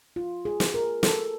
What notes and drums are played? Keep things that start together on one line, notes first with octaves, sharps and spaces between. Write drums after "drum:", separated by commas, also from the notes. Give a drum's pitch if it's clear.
F4
G#4
drum: snare
A#4
A4, drum: snare